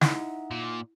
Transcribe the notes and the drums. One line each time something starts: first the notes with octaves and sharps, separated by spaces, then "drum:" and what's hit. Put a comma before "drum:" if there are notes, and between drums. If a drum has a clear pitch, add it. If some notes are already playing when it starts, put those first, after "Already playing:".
D#4 E4 E5 F#5, drum: snare
A#2